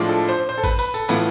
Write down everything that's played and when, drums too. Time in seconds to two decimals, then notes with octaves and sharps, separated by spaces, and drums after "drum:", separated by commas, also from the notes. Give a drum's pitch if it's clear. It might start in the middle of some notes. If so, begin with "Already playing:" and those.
Already playing: A2 F3 G#3 D4 F4
0.09 A4
0.29 C5
0.49 C5
0.58 A4
0.64 B4, drum: kick, tambourine
0.79 B4, drum: tambourine
0.94 A4, drum: tambourine
1.09 A2 E3 B3 F4 B4, drum: tambourine